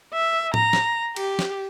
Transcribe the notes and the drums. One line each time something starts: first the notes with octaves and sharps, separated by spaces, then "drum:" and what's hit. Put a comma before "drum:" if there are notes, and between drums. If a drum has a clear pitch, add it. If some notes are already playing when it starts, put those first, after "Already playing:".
E5
A#5, drum: tom A2
drum: snare
G4, drum: cymbal
drum: snare